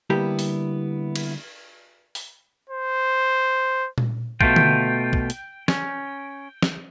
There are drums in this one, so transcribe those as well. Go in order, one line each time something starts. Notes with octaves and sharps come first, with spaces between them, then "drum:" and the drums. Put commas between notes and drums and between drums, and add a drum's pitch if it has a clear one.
D3 G3 A#3 B3 E4 G4
drum: open hi-hat
drum: cymbal
drum: open hi-hat
C5
drum: tom A#2
B2 A3 F4 G5, drum: kick
drum: tom D3
drum: kick
drum: hi-hat
C#4, drum: snare
drum: snare